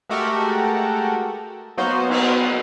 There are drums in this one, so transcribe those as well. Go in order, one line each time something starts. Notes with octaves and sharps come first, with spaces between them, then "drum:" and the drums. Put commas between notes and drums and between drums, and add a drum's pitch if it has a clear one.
G#3 A3 F#4 G4 A4 A#4
F#3 A#3 B3 D#4 F#4 C5
drum: cymbal